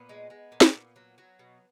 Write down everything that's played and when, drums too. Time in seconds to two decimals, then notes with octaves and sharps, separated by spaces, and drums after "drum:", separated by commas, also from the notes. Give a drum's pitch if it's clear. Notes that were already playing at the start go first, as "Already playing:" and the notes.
Already playing: A#2 B3
0.09 G#3
0.30 G#3
0.52 A#2
0.61 drum: snare
0.74 A#2
0.96 F#3
1.18 F#3
1.39 B2